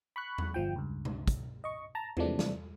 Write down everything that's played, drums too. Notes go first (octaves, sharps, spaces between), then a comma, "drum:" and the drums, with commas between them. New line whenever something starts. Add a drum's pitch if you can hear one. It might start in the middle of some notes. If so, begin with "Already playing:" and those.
B5 C#6 F#6
drum: tom E2
G1 F3 G5
C#2 G2
drum: tom B2
drum: kick, hi-hat
D#5 C#6
A5 A#5
C3 E3 F3 G#3 A3 D4, drum: tom E2
drum: snare